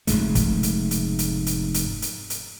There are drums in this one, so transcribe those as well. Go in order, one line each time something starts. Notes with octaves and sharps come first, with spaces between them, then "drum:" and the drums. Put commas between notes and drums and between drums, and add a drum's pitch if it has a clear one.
F1 G#2 C#3 A3, drum: hi-hat
drum: kick, hi-hat
drum: hi-hat
drum: hi-hat
drum: hi-hat
drum: hi-hat
drum: hi-hat
drum: hi-hat
drum: hi-hat